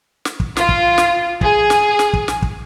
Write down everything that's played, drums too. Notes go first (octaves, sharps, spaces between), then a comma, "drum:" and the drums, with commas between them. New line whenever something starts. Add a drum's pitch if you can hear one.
drum: snare
drum: kick
F4, drum: snare
drum: kick
drum: snare
G#4, drum: kick
drum: snare
drum: snare
drum: kick
drum: snare
drum: kick